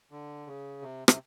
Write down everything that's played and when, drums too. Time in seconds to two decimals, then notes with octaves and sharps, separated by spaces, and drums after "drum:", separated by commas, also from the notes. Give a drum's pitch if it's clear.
0.11 D3
0.47 C#3
0.82 C3
1.08 C3, drum: rim click